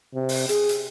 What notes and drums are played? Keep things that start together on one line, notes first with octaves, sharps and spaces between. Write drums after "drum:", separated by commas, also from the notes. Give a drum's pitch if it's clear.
C3
drum: open hi-hat
G#4, drum: hi-hat
drum: hi-hat